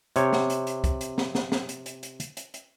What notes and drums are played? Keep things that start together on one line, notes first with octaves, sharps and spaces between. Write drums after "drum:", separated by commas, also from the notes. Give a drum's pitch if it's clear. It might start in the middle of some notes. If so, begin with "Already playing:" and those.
C3 C#5, drum: hi-hat
drum: snare
drum: hi-hat
drum: hi-hat
drum: kick, hi-hat
drum: hi-hat
drum: snare
drum: snare
drum: snare
drum: hi-hat
drum: hi-hat
drum: hi-hat
drum: hi-hat
drum: hi-hat
drum: hi-hat